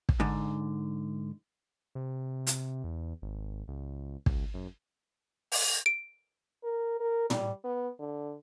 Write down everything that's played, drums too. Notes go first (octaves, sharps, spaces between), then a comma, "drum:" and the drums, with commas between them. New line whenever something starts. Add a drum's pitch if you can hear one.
drum: kick
G#2 D3
C3
drum: hi-hat
E2
G#1
C#2
C#2, drum: kick
F#2
drum: open hi-hat
D7
A#4
A#4
G3, drum: tom
B3
D3